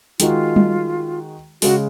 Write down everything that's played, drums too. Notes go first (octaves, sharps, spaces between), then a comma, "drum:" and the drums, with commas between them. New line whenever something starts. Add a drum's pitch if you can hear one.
D#3 G#3 D#4 F4 F#4, drum: hi-hat
drum: tom G3
C#3 G#3 F#4, drum: open hi-hat